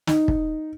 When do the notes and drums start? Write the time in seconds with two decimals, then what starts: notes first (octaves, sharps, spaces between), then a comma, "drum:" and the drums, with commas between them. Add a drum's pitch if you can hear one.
0.07 D#4, drum: snare
0.28 drum: kick